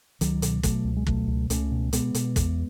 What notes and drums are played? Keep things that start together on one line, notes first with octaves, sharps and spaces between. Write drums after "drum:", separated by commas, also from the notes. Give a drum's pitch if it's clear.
C#2 D#3 F#3, drum: hi-hat
B2, drum: hi-hat
B2 F#3 A3, drum: kick, hi-hat
C#2
G#3
B2 F#3 A3, drum: kick
C#2
C#2 A3 C#4, drum: hi-hat
B2
B2 G#3 B3, drum: hi-hat
B2, drum: hi-hat
E2, drum: kick, hi-hat